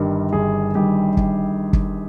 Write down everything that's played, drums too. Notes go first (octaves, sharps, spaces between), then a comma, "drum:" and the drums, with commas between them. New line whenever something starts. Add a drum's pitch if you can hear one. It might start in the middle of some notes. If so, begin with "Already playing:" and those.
Already playing: G1 G2 D#3 G3 A#4
G1 G#4
G2 D#3 G3 G4
drum: kick
drum: kick